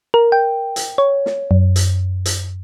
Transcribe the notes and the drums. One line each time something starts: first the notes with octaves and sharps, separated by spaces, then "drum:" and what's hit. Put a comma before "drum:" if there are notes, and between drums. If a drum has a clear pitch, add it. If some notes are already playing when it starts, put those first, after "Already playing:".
A#4
G5
drum: hi-hat
C#5
drum: snare
F#2
drum: hi-hat
drum: hi-hat